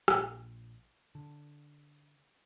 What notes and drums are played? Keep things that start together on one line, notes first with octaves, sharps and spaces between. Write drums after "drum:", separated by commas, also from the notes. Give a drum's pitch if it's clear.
A#1, drum: rim click
D3